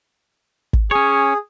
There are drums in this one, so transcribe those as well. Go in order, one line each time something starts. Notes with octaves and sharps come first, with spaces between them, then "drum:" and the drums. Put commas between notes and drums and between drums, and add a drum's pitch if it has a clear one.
drum: kick
C#4 G#4 C#5